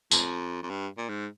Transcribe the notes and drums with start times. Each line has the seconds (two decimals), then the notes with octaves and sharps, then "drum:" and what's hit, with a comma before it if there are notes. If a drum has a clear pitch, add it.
0.11 F2, drum: tambourine
0.63 F2
0.70 G2
0.97 A#2
1.09 G#2